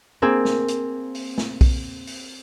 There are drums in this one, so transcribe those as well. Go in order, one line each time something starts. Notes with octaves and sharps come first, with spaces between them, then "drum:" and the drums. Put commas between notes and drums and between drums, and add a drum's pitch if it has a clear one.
A#3 C4 G#4
drum: snare
drum: hi-hat
drum: open hi-hat
drum: snare
drum: kick, open hi-hat
drum: open hi-hat